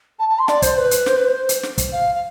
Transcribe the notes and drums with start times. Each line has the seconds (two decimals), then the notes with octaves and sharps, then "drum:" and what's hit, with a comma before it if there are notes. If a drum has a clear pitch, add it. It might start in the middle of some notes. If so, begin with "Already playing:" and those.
0.19 A5
0.29 A5
0.39 C6
0.48 D5, drum: snare
0.62 C5, drum: kick, hi-hat
0.77 B4
0.91 drum: hi-hat
1.06 C5, drum: snare
1.17 B4
1.27 C5
1.49 drum: hi-hat
1.63 drum: snare
1.78 drum: kick, hi-hat
1.92 F5
2.15 F5